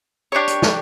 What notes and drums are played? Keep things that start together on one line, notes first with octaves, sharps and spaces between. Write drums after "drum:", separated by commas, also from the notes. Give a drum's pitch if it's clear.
D4 G4 C#5
drum: hi-hat
drum: snare